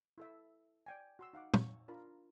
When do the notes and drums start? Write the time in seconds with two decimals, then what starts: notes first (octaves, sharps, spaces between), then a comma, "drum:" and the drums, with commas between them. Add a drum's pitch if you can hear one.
0.18 E4 A4 E5
0.86 D5 G5 G#5
1.19 F#4 C6 E6
1.33 D#4 F5 F#5 D6
1.54 C#6, drum: tom
1.88 D4 F4 A#4 A#5 B5